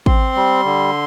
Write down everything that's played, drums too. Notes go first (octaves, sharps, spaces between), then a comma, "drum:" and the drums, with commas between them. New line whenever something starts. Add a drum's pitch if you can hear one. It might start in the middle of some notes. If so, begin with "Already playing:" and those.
C4 C6, drum: kick A1
G3
D3